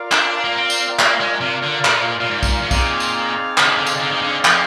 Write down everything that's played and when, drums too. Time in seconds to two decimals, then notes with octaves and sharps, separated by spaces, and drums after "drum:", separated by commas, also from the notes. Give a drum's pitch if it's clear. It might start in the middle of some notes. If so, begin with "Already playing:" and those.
Already playing: F4 A#4 D5 F5
0.12 D4, drum: clap
0.44 A#3
0.55 C4
0.70 drum: tambourine
0.99 A#3, drum: clap
1.20 G#3
1.41 C3
1.63 D3
1.85 A#2, drum: clap
2.21 A#2
2.28 G#2
2.43 drum: kick B1, tambourine
2.62 G#2
2.71 A#2 C4 D#4 G#4 D5 F5, drum: kick B1, tambourine
3.00 drum: tambourine
3.58 D3, drum: clap
3.68 D#3
3.77 D3
3.87 drum: tambourine
4.00 D3
4.11 D#3
4.22 D3
4.45 F3, drum: clap